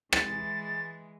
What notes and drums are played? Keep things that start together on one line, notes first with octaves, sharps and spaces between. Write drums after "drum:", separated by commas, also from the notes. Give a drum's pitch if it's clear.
E3 G#3 A6, drum: rim click